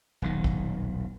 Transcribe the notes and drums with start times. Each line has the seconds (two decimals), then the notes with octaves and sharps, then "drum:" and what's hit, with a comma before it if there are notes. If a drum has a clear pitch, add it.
0.22 D#1 B1 D#3
0.44 drum: kick A1